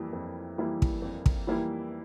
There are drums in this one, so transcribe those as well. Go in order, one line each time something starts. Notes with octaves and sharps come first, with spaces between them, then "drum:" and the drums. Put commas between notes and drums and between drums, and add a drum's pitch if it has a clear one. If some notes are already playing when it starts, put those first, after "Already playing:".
Already playing: F2 E3 G3 A#3 E4
F2
E3 G3 A#3 E4
drum: kick
F2
drum: kick
E3 G3 A#3 E4